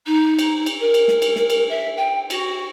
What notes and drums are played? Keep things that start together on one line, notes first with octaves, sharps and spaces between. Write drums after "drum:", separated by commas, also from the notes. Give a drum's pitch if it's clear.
D#4
drum: cymbal
drum: cymbal
A#4
drum: cymbal
drum: snare
drum: cymbal
drum: snare
drum: cymbal
E5
G5
F#4, drum: cymbal